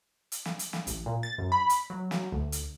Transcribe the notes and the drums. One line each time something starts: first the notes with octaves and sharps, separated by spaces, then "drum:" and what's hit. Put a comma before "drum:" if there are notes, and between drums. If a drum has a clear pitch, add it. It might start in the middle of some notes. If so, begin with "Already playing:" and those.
drum: hi-hat
drum: snare
drum: hi-hat
drum: snare
A1, drum: hi-hat
A#2
A6
F#2
B5
drum: hi-hat
F#3
drum: snare
D2
drum: hi-hat